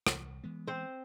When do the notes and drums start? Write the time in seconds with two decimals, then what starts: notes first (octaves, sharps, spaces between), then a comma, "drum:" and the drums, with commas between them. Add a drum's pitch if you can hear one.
0.07 C2, drum: rim click
0.44 E3 G#3 B3
0.67 C4 C5